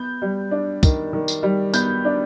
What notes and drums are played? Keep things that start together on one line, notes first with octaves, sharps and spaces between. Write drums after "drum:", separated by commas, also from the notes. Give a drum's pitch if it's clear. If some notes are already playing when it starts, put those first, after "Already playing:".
Already playing: B3 G6
G3
D4
D#3, drum: kick, tambourine
D#3
drum: tambourine
G3
B3 G6, drum: tambourine
D4